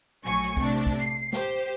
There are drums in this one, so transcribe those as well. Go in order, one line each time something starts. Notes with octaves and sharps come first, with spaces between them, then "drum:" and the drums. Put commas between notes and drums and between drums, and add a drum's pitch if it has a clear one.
A#1 F#3 A3 G#5 C#6
drum: hi-hat
C3 A3 D4, drum: kick
drum: kick
C7, drum: hi-hat
G4 C5, drum: snare